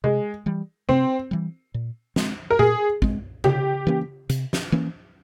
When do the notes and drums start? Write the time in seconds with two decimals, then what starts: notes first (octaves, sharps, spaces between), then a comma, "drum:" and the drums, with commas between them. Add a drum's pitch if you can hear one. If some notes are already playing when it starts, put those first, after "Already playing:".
0.04 C3 G#3
0.46 E3 G3
0.89 C3 C4
1.31 E3 G3
1.74 A#2
2.16 G#3 C4, drum: snare
2.50 A#4
2.59 A#2 G#4
3.02 G#3 C4, drum: kick
3.44 C3 G4, drum: tom C#3
3.87 E3 A#3 C#4
4.29 C3, drum: hi-hat
4.53 drum: snare
4.72 E3 A#3 C#4